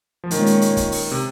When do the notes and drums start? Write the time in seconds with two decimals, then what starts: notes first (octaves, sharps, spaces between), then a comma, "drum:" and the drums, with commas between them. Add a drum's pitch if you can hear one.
0.24 F3
0.31 A#2 D#3 G#3 C#4 F4, drum: hi-hat
0.46 drum: hi-hat
0.61 drum: hi-hat
0.77 drum: kick, hi-hat
0.92 drum: open hi-hat
1.11 C3